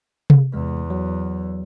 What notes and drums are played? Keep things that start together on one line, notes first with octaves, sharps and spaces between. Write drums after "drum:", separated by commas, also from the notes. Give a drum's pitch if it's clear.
drum: tom C3
E2 C3 G#3
F#3